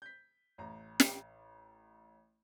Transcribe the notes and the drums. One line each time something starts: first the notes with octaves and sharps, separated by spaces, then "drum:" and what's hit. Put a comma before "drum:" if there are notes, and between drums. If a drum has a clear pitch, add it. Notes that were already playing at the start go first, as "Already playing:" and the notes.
G6 B6
A1 A#5
drum: snare